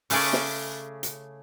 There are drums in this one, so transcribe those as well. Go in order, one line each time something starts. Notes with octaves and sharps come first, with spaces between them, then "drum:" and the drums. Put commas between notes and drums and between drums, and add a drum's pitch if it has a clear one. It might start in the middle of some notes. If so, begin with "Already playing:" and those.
C#3 A3 C#4 G#4 D5, drum: open hi-hat
drum: snare
drum: hi-hat